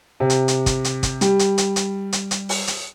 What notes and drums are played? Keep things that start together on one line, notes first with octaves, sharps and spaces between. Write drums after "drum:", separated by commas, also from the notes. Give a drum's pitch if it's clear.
C3
drum: hi-hat
drum: hi-hat
drum: kick, hi-hat
drum: hi-hat
drum: kick, hi-hat
G3, drum: hi-hat
drum: hi-hat
drum: hi-hat
drum: hi-hat
drum: hi-hat
drum: hi-hat
drum: open hi-hat
drum: hi-hat